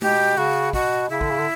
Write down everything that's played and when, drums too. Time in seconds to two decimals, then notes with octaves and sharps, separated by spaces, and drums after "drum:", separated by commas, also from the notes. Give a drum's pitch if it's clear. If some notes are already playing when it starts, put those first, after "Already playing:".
0.02 B2 G4, drum: tom G#3
0.37 C#3 F#4
0.73 B2 F#4, drum: kick
1.10 C#3 E4
1.21 D3, drum: kick
1.31 C#3
1.39 D3